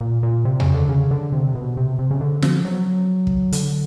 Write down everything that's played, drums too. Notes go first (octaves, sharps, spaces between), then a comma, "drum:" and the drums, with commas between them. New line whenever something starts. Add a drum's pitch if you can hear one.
A#2
A#2
C3
C#3, drum: tom E2
D3
C#3
D3
C3
B2
C3
C3
C#3
D3
F3, drum: snare
F#3
drum: kick
D3, drum: hi-hat